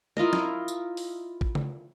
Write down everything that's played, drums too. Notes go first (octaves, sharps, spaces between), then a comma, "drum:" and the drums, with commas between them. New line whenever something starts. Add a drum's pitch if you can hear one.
E4 F4 A#4 D#5, drum: tom G#3
drum: snare
drum: tambourine
drum: open hi-hat
drum: kick
drum: tom C#3